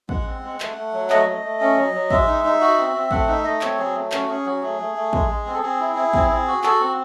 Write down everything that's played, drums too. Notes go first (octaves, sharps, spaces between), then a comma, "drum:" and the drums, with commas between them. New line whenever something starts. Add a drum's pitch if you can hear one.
G#3 F#5, drum: kick
C4
G#3
A3, drum: clap
A3
F#3
A3 D#5, drum: clap
A3
A3
C#4
F#3
F#3
G#3 E5, drum: kick
D#4
D#4
F#4
C4
C4
A3 F#5, drum: kick
D#4 E5
A3 D#5
C4 C#5, drum: clap
F#3 G#4
A3
C#4 F#4, drum: clap
C#4 G#4
F#3 F#4
A3 G#4
A3
A3
G#3, drum: kick
G#3
C4
A4
C4 G#4
E4
E4
C4, drum: kick
C4
F#4
F#4 A4, drum: clap
C4